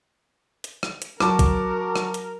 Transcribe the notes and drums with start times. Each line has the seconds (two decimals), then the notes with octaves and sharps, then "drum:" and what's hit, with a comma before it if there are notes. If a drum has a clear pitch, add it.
0.64 drum: hi-hat
0.83 drum: rim click
1.02 drum: hi-hat
1.20 F#3 F#4 A#4 A5 D6, drum: rim click
1.39 drum: kick, hi-hat
1.96 drum: rim click
2.14 drum: hi-hat